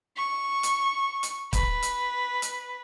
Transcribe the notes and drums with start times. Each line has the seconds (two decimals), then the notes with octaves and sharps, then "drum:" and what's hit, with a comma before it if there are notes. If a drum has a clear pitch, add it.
0.17 C#6
0.63 drum: hi-hat
1.23 drum: hi-hat
1.53 B4, drum: kick, hi-hat
1.83 drum: hi-hat
2.42 drum: hi-hat